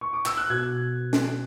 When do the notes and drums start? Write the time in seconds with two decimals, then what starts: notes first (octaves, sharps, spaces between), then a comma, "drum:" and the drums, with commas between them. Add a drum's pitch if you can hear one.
0.01 C#6
0.13 D6
0.26 E6, drum: clap
0.37 F#6
0.50 B2 G#6
1.13 drum: snare